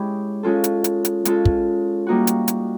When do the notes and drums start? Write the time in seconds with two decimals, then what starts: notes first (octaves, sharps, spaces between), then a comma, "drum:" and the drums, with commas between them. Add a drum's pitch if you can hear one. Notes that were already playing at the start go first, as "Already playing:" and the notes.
Already playing: G#3 C#4 E4 G4
0.43 G#3 C#4 F4 A4
0.64 drum: hi-hat
0.84 drum: hi-hat
1.05 drum: hi-hat
1.25 G#3 C#4 F4 A4, drum: hi-hat
1.45 drum: kick
2.07 G3 A#3 D#4 F#4
2.27 drum: hi-hat
2.48 drum: hi-hat